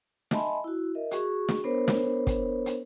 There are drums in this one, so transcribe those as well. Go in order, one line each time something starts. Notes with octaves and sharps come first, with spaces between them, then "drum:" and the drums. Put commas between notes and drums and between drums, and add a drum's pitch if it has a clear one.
D#5 E5 G#5 A5 B5 C6, drum: snare
E4 F#4
A#4 D#5 E5
F#4 G#4 C#6, drum: hi-hat
drum: snare
B3 D4 A#4 C5 C#5
drum: snare
drum: kick, hi-hat
drum: hi-hat